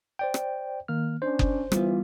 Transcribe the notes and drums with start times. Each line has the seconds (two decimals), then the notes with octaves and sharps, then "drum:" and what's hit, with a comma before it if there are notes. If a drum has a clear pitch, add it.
0.19 C5 D5 G5
0.34 drum: rim click
0.88 D#3 A#3 F6
1.22 C#4 D4 C5
1.39 drum: kick F#1
1.72 E3 G3 B3 F4, drum: rim click